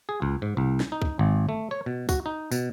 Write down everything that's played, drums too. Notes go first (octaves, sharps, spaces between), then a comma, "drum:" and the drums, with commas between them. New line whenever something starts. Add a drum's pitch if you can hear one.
G#4
C#2
G#2
C2
drum: snare
D#4
drum: kick
G#1
A3
C#5
B2
F#4, drum: kick, tambourine
D#4
B2, drum: tambourine